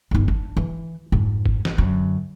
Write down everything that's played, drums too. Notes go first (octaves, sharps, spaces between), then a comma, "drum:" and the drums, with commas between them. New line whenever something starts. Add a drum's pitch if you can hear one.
G1 D#4
D4, drum: kick
E3
F2 G#2
drum: kick
drum: snare
F#2 D3